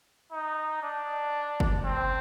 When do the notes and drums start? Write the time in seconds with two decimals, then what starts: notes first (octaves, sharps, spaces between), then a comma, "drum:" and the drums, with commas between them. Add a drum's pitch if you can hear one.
0.32 D#4
0.83 D4
1.60 drum: kick
1.85 C4